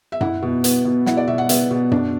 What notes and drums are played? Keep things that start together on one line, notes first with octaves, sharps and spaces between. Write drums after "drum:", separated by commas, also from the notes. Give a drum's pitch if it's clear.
E5
E4 F#5, drum: tom F#2
B2
B3, drum: hi-hat
B2
E4 F#5, drum: snare
D5
B2 E5
F#5
B3 E5, drum: hi-hat
B2
D4, drum: tom F#2